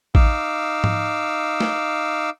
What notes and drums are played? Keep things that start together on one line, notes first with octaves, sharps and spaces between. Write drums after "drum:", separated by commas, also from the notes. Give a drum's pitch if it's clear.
D#4 F5 D6 E6, drum: kick A1
drum: tom G#2
drum: snare